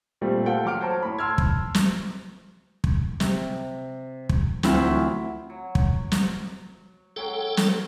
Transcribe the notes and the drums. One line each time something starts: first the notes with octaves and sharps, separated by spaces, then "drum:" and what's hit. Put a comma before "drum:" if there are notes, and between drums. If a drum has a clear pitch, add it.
A#2 G3 A3 C4
F4 A4 F#5 G5
F#3 F#5 D6 F6 D7
C5 C#5 A5 A#5
A2 B5
A5 C6 E6 F6 G#6
drum: kick
drum: snare
drum: kick
C3, drum: snare
drum: kick
D2 F3 F#3 C4 E4, drum: snare
F#3
drum: kick
drum: snare
F#3 G#3 C#4 A4 G5
drum: snare